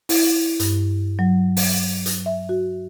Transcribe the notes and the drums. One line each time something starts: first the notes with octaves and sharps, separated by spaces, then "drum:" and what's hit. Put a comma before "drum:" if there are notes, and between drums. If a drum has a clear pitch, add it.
E4, drum: open hi-hat
G2, drum: hi-hat
F#3
drum: open hi-hat
drum: hi-hat
E5
F#4